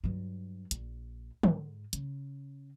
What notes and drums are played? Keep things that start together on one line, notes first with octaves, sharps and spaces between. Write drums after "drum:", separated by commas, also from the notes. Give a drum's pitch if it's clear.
G2 F#3
A#1, drum: hi-hat
G#2, drum: tom
C#3, drum: hi-hat